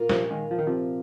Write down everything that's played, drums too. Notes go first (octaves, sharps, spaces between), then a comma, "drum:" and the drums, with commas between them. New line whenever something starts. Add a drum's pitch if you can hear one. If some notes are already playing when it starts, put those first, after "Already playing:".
Already playing: A#2 A#3 F4 A#4
C3 F3, drum: snare
D#3 G#3
F3
D#3
C3 F3